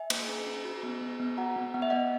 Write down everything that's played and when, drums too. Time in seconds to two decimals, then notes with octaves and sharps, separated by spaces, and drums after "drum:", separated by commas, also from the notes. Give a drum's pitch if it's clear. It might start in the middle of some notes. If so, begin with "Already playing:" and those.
Already playing: E5 G#5
0.10 A#3, drum: cymbal
0.28 C#4
0.47 C#4
0.65 F#4
0.83 B3
1.01 B3
1.20 B3
1.37 F#4 F#5 A#5
1.56 B3
1.74 B3 F#5
1.82 E5
1.90 B3 D#5 F#5